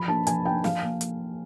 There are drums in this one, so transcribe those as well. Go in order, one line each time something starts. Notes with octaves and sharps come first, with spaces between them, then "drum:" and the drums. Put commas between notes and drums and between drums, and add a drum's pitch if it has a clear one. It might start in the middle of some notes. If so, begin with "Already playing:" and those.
Already playing: F3 B5
A#3 D4 A5
F3 G#5, drum: hi-hat
A#3 D4 G5
F3 F5, drum: snare
A#3
drum: hi-hat